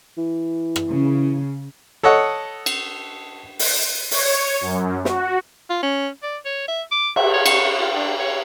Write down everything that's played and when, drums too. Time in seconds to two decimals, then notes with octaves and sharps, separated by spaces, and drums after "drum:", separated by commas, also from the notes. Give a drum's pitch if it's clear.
0.17 E3
0.76 drum: rim click
0.89 C#3
2.03 A4 C#5 D#5 F#5
2.66 drum: cymbal
3.59 drum: open hi-hat
4.11 C#5, drum: open hi-hat
4.61 F#2
5.05 F#4, drum: snare
5.70 F4
5.83 C#4
6.23 D5
6.45 C#5
6.68 E5
6.92 D6
7.16 E5, drum: cymbal
7.33 C#5
7.46 C#6, drum: cymbal
7.79 F4
7.95 D4
8.19 C#5